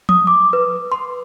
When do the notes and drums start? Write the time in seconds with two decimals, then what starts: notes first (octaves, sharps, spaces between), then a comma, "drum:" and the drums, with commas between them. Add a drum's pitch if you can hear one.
0.09 D#6, drum: tom F3
0.27 D6
0.53 B4
0.92 C6